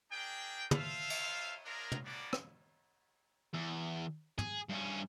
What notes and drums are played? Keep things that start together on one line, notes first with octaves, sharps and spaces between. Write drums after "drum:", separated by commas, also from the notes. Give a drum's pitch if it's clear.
D4 G#4 A#4 G5
F4 A4 C5 E5 F5, drum: tom
drum: cymbal
D4 F4 G#4 A#4
drum: tom
G3 A#3 B3 D4 F#4 D5
drum: rim click
E2
G#4, drum: tom
G2 C#4